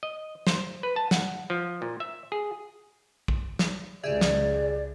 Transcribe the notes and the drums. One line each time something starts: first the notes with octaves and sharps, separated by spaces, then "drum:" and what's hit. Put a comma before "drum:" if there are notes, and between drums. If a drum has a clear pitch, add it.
D#5
C5, drum: snare
B4
A5
F#5, drum: snare
F3
A#2
E5
G#4
drum: kick A#1
drum: snare
C#2 C#3 G4 G#4 D5 E5
drum: snare